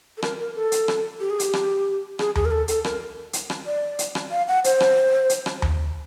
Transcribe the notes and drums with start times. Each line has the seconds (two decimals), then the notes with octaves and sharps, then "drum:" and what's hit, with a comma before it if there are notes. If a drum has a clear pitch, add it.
0.17 A4
0.22 A#4, drum: rim click
0.39 A#4
0.55 A4
0.72 drum: hi-hat
0.88 drum: rim click
1.20 G4
1.30 G#4
1.40 G4, drum: hi-hat
1.53 drum: rim click
2.19 G#4, drum: rim click
2.35 G#4, drum: tom D#2
2.45 A#4
2.51 A4
2.68 A4, drum: hi-hat
2.84 A#4, drum: rim click
3.33 drum: hi-hat
3.50 drum: rim click
3.66 D5
3.99 drum: hi-hat
4.15 drum: rim click
4.31 F5
4.48 F#5
4.64 C5, drum: hi-hat
4.80 drum: rim click
5.29 drum: hi-hat
5.46 drum: rim click
5.62 drum: tom D#2